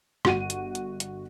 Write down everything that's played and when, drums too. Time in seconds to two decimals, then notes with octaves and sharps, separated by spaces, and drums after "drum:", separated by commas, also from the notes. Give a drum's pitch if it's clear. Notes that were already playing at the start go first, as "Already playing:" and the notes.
0.25 G1 F#4 F#5 D#7, drum: rim click
0.50 drum: hi-hat
0.75 drum: hi-hat
1.00 drum: hi-hat